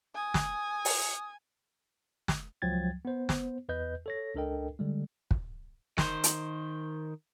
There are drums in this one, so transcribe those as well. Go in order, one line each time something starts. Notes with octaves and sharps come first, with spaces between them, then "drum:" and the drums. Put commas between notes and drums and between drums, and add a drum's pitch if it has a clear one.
G#5 D#6
drum: snare
drum: open hi-hat
drum: snare
C#2 F3 F#3 G5 G#6 A6
B3 C5
drum: snare
E2 B4 D#5 G6
A4 C#5 A#6
C#2 D4 A4 A#4 D#5 G5
D3 G3 G#3
drum: kick
D#3 C5, drum: snare
drum: hi-hat